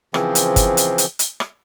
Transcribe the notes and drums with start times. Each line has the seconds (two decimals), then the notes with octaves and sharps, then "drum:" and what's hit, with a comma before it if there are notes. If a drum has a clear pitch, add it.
0.14 C#3 E3 F3 C4, drum: rim click
0.35 drum: hi-hat
0.56 drum: kick G1, hi-hat
0.77 drum: hi-hat
0.98 drum: hi-hat
1.19 drum: hi-hat
1.40 drum: rim click